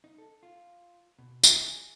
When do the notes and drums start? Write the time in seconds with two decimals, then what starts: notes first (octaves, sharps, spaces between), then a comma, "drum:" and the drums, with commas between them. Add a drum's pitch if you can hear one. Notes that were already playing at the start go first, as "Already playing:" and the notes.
0.04 D#4
0.18 A4
0.43 F4
1.19 B2
1.43 D#3, drum: tambourine
1.64 G#4